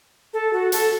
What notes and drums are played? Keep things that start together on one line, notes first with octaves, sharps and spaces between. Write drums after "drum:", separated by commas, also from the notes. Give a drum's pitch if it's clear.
A4
F#4
A4, drum: hi-hat